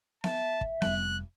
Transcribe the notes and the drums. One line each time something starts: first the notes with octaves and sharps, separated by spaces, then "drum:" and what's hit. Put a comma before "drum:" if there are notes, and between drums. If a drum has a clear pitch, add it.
E5 A5, drum: snare B3
drum: kick
F1 G3 F#6, drum: snare B3